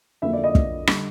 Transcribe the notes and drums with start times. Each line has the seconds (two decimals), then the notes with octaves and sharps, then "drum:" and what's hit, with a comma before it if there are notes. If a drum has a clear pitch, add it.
0.22 F2 D3 F#3 A#3 E5
0.33 D5
0.44 D#5
0.55 drum: kick
0.87 D3 G3, drum: rim click